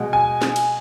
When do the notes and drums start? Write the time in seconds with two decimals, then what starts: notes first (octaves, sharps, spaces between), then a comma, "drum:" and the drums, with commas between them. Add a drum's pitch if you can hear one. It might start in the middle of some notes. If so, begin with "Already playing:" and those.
Already playing: B2 G#3
0.13 G#5
0.42 drum: snare
0.56 drum: cymbal